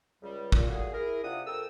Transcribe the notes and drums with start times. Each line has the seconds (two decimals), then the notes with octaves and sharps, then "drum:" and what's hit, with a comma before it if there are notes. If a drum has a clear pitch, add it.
0.22 C#2 G3
0.52 A#2, drum: kick
0.69 A#2 A3 F#4 G#4
0.92 E4 G#4 A#4
1.23 C3 D4 F4 F#5 D#6
1.47 F2 A4 A#4 G5 E6